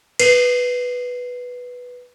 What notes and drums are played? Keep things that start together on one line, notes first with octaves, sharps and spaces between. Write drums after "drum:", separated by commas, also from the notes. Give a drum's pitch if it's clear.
B4 C7, drum: cymbal